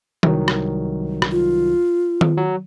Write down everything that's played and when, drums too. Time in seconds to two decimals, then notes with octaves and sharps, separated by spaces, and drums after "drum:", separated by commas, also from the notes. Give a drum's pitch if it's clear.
0.23 C2 D#3 F#3, drum: tom D#3
0.48 drum: rim click
1.22 drum: rim click
1.32 F4
2.21 drum: tom D#3
2.37 F#3